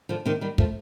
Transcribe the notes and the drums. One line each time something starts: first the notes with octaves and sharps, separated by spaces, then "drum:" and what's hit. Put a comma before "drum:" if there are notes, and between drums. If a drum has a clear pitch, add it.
D3 F3
C3 D#3
D#3 G3
F3 A3, drum: kick